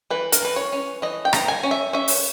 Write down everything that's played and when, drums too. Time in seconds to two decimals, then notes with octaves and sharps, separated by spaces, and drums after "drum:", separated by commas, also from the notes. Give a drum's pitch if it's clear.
0.10 E3 B4
0.32 A#4, drum: hi-hat
0.42 E3 B4
0.56 C#5
0.72 C#4
1.02 E3 D#5
1.25 G5
1.33 E3 A#5, drum: rim click
1.48 G#5
1.63 C#4
1.71 E5
1.93 C#4 E5
2.08 drum: open hi-hat